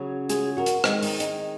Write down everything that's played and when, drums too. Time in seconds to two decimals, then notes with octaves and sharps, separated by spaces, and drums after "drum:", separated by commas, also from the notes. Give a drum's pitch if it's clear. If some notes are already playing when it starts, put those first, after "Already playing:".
Already playing: C#3 F#3 C#4
0.29 F4 G#4, drum: hi-hat
0.57 F#4 A#4
0.66 drum: hi-hat
0.84 D#3 G#3 C4 D#4, drum: rim click
1.03 D#4, drum: open hi-hat
1.20 D#4, drum: hi-hat